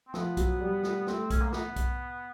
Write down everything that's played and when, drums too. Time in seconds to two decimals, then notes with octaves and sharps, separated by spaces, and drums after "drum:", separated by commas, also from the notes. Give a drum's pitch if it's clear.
0.07 C4
0.14 F3 B3, drum: snare
0.37 F#3, drum: kick B1, hi-hat
0.60 G3
0.83 drum: snare
1.07 A3 C4, drum: snare
1.30 C#4, drum: kick B1, hi-hat
1.42 A#3
1.53 B3, drum: snare
1.76 drum: kick B1, hi-hat